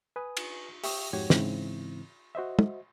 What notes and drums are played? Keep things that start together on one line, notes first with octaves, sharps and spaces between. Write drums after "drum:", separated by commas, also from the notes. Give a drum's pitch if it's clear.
B4 G#5 D#6
drum: cymbal
G4 E5 G5 C#6 D#6 E6, drum: open hi-hat
F2 G#2 F#4 G4 C#5 G#6
G#2 C#3 E3 C4 E4, drum: snare
F#4 C5 D#5 E5
drum: tom